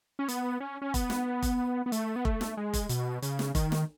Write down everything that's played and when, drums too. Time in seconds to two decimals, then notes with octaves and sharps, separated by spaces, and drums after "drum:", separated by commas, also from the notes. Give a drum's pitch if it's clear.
0.19 C#4
0.28 B3, drum: hi-hat
0.60 C#4
0.82 C#4
0.94 B3, drum: kick F1, hi-hat
1.10 drum: snare
1.42 drum: kick F1, hi-hat
1.86 B3
1.92 A3, drum: hi-hat
2.16 B3
2.25 A3, drum: kick F1
2.41 drum: snare
2.57 G#3
2.73 drum: kick F1, hi-hat
2.89 B2, drum: hi-hat
3.22 C#3, drum: hi-hat
3.39 drum: snare
3.55 D#3, drum: kick F1, hi-hat
3.72 drum: snare